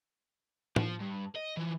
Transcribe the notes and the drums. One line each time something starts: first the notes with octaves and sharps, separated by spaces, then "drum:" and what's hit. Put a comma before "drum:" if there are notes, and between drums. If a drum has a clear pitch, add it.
F3, drum: tom A2
G2
D#5
E3 F3